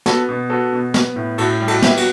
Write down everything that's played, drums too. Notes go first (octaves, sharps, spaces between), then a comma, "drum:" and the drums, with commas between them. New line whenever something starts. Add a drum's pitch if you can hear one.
B3 F#4 A4, drum: snare
B2
B3 F#4 A4
B2
B3, drum: snare
A2
A2 F#4 A4, drum: cymbal
G3
F#4 A4, drum: cymbal
B3 E4 G4, drum: snare
F#4, drum: cymbal